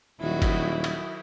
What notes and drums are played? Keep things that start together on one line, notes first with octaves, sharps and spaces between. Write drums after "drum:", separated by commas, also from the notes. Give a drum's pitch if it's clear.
D#1 D#3 F#3 E4 F#4
drum: kick, cymbal
drum: cymbal